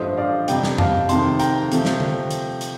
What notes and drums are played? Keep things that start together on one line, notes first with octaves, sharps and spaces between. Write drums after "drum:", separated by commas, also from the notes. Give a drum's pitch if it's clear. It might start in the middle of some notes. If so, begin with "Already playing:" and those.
Already playing: A1 G2 F3 A3 C5 D#5
D5 F5
F2 C3 G3 D#5 G5, drum: hi-hat
drum: snare
F5 A5, drum: tom F2
F2 C3 D#3 A3 A5 C6, drum: hi-hat
G5 A#5, drum: hi-hat
C3 F3 A3, drum: hi-hat
drum: snare
drum: tom D3
drum: hi-hat
drum: hi-hat